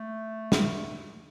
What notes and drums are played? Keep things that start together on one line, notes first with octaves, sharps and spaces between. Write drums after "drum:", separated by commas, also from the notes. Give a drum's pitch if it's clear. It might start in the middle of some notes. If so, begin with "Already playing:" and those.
Already playing: A3
drum: snare